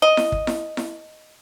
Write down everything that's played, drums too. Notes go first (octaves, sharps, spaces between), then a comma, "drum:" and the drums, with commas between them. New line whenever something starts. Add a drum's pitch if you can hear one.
D#5
drum: snare E4
drum: kick
drum: snare E4
drum: snare E4